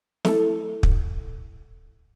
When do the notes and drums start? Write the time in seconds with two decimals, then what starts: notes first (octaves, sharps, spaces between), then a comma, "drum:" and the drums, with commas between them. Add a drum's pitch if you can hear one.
0.25 A3 E4 A4, drum: snare
0.83 drum: kick